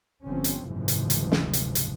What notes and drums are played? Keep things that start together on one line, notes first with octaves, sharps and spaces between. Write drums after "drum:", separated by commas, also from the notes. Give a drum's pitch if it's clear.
G1 F3 C4 C#4
drum: hi-hat
F#1 D2 G#2 C3 E3 F3
drum: hi-hat
drum: hi-hat
drum: snare
drum: hi-hat
drum: hi-hat